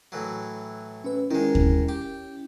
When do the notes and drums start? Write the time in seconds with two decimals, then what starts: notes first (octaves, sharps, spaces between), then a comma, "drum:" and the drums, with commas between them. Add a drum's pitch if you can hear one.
0.12 A2 E3 F#3
1.04 C#4 B4
1.31 D#3 G#3 C#4 E4
1.55 drum: kick D#2
1.89 G4